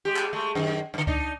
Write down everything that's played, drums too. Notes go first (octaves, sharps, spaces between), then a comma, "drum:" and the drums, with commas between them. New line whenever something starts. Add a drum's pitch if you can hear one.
G#3 G4
drum: clap
G#3 A3
F#2 D#3
G2 D3
D4 D#4, drum: kick C#2